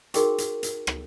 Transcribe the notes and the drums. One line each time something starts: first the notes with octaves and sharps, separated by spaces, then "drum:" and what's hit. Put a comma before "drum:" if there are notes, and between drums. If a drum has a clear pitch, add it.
D#4 F#4 G#4 A#4 G5 C#6, drum: hi-hat
drum: hi-hat
drum: hi-hat
drum: rim click